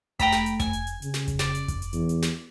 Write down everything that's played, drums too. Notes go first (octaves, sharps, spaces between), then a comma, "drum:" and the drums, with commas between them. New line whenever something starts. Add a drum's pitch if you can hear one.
A3 G5 A#5 B5, drum: kick F1, hi-hat
drum: snare
drum: hi-hat
G#5, drum: kick F1, hi-hat
drum: hi-hat
drum: hi-hat
C#3, drum: hi-hat
drum: snare
drum: kick F1, hi-hat
D5, drum: snare
drum: hi-hat
drum: kick F1, hi-hat
drum: hi-hat
E2, drum: hi-hat
drum: hi-hat
drum: snare